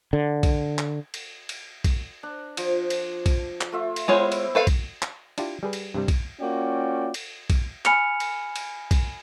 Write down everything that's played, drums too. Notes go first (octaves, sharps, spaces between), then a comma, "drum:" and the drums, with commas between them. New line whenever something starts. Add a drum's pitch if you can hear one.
D3
drum: kick B1, cymbal
drum: clap
drum: cymbal
drum: cymbal
drum: kick B1, cymbal
D4
F3, drum: cymbal
drum: cymbal
drum: kick B1, cymbal
drum: clap
A3 F4 E5
drum: cymbal
G#3 B3 E4 F4 C5 C#5
drum: cymbal
A4 B4 C5 F5
drum: kick B1, cymbal
drum: clap
D4 E4 F4 G4, drum: cymbal
G3 G#4 B4
drum: cymbal
G2 C3 G3
drum: kick B1, cymbal
A#3 C#4 F4 F#4 D5 G5
drum: cymbal
drum: kick B1, cymbal
G#5 B5 F6 C#7 F7, drum: clap
drum: cymbal
drum: cymbal
drum: kick B1, cymbal